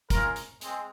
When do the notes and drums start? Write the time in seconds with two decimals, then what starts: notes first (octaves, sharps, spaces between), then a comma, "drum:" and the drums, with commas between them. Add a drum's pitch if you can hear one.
0.10 G#3 C#4 F4 A#4, drum: kick, hi-hat
0.36 drum: hi-hat
0.61 G#3 C4, drum: hi-hat